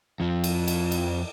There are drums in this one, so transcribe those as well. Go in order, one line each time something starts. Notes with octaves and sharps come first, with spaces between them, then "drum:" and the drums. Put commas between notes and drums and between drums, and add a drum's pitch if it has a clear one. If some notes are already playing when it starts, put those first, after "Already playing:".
F2 F3
drum: cymbal
drum: cymbal
drum: cymbal